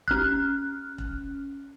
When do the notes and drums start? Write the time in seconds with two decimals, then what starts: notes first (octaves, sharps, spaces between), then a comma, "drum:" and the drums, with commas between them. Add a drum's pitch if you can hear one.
0.08 C#4 F6 F#6, drum: kick E1
0.98 drum: kick E1